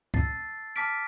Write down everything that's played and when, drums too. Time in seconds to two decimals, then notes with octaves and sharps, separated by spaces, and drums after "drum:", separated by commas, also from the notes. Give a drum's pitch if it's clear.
0.14 A5 E6 A6 C7, drum: kick C#2
0.76 A5 D6 F6 B6 D7